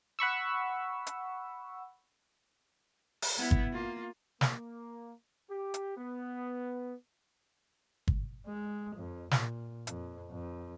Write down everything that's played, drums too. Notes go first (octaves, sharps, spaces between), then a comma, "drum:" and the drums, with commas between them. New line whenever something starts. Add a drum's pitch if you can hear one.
F#5 B5 C#6 E6
drum: hi-hat
drum: open hi-hat
B3 E4
drum: kick G1
A#3 F4
A#3, drum: snare
G4
drum: hi-hat
B3
drum: kick G1
G#3
F2
A#2, drum: snare
F2, drum: hi-hat
F2